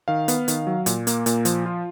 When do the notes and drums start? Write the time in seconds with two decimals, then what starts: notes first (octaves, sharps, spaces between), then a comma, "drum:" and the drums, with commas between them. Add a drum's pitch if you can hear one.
0.08 D#3 F5
0.28 B3, drum: hi-hat
0.48 D#3, drum: hi-hat
0.67 F#3
0.86 A#2, drum: hi-hat
1.07 A#3, drum: hi-hat
1.26 A#2, drum: hi-hat
1.45 F3, drum: hi-hat
1.66 F4